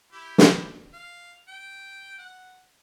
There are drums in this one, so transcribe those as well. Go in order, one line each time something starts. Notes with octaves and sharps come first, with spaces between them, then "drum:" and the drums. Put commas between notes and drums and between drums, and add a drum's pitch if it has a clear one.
E4 G4
drum: snare
F5
G5
F#5